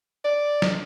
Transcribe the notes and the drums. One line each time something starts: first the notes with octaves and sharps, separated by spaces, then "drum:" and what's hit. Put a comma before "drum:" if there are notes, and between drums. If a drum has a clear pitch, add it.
D5
drum: snare